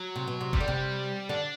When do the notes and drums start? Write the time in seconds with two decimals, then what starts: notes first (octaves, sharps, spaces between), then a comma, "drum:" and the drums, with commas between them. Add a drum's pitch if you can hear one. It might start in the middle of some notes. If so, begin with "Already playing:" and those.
Already playing: F#3
0.16 C3
0.28 B2
0.41 C3
0.53 C3 G3, drum: kick F#1
0.60 D3
0.68 C3
1.29 D3 D4